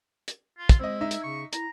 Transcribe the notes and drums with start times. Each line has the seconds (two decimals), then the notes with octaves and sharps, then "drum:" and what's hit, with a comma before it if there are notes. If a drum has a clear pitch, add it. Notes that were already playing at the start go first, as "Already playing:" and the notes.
0.28 drum: hi-hat
0.58 F4
0.69 drum: kick, hi-hat
0.80 G#3 C4 E4 D#5
1.01 D#4 D#5 E5
1.11 drum: hi-hat
1.24 C#3 C#6
1.53 E4 A#5, drum: hi-hat